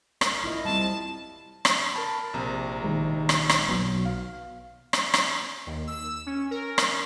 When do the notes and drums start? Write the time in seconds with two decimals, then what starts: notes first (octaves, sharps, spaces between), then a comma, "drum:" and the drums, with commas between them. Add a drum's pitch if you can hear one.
0.21 A#4, drum: rim click
0.44 E4 F4 D#5
0.65 G3 C4 A5
1.65 drum: rim click
1.93 A#4 A5 B5
2.34 A#1 C3 A#5
2.82 D#3 G#3 A#3
3.29 drum: rim click
3.49 drum: rim click
3.68 B1 F#3 B3
4.06 F5
4.93 drum: rim click
5.14 drum: rim click
5.67 D#2
5.87 E6
6.26 C#4
6.51 A#4
6.78 drum: rim click